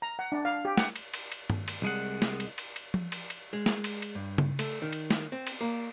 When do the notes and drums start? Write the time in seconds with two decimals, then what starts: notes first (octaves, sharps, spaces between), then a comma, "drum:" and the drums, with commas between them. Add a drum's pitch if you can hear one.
0.02 A#5
0.19 F#5
0.32 D4
0.45 F5
0.65 G4
0.77 F#5, drum: snare
0.95 drum: cymbal
1.14 drum: cymbal
1.32 drum: cymbal
1.50 drum: tom G2
1.68 drum: cymbal
1.82 C2 G#3 F#5
2.22 drum: snare
2.40 drum: cymbal
2.58 drum: cymbal
2.76 drum: cymbal
2.94 drum: tom F3
3.12 drum: cymbal
3.30 drum: cymbal
3.53 G#3
3.66 drum: snare
3.84 drum: cymbal
4.02 drum: cymbal
4.15 G2
4.38 drum: tom C#3
4.59 A3, drum: cymbal
4.82 D#3
4.92 drum: cymbal
5.10 drum: snare
5.32 C4
5.47 drum: cymbal
5.61 A#3